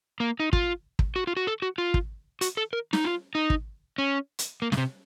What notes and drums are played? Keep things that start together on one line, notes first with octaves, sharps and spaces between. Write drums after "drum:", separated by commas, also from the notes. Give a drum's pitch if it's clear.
A#3
D#4
F4, drum: kick
drum: kick
F#4
F4
F#4
A4
F#4
F4
drum: kick
F#4, drum: hi-hat
A4
A#4
D#4, drum: snare
F4
D#4
drum: kick
C#4
drum: hi-hat
A#3
C#3, drum: snare
C3